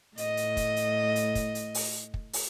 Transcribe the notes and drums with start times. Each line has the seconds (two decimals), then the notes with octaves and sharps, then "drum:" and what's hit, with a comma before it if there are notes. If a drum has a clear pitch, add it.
0.17 A2 D#5, drum: hi-hat
0.37 drum: hi-hat
0.57 drum: kick, hi-hat
0.76 drum: hi-hat
1.16 drum: hi-hat
1.35 drum: kick, hi-hat
1.55 drum: hi-hat
1.75 drum: open hi-hat
2.14 drum: kick
2.33 drum: open hi-hat